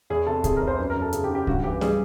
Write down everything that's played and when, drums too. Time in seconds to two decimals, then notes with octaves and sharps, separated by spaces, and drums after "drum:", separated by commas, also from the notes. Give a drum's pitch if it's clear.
0.10 E2 G#4
0.27 C3 A4
0.44 C3 G#4, drum: kick C2, hi-hat
0.56 A#4
0.61 E2
0.67 C5
0.78 F#2 B4
0.90 A#4
0.96 F#2
1.02 A4
1.13 C#3 G#4, drum: hi-hat
1.24 G4
1.30 C#3
1.35 G4
1.47 G2 F#4, drum: kick C2
1.64 E3 G4
1.81 G3 G#4, drum: snare B3